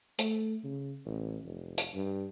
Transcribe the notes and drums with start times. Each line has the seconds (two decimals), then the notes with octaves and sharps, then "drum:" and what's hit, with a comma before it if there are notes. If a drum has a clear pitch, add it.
0.19 A3, drum: hi-hat
0.64 C#3
1.05 A1
1.43 F1
1.78 drum: hi-hat
1.94 G2